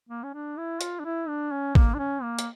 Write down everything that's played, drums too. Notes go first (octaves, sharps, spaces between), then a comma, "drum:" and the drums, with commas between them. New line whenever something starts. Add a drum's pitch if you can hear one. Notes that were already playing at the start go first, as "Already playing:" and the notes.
A#3
C#4
D4
E4
F4, drum: hi-hat
D4
E4
D4
C#4
A#3, drum: kick
D4
C#4
A#3
drum: hi-hat